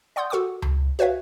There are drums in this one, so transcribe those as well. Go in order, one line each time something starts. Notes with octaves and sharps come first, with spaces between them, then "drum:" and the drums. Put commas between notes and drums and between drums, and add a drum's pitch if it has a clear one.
D5 F#5 C6 D#6 G6
F#4 A4 F#5 C#6 D6
drum: tom C#2
F#4 B4 C#5 E5 F5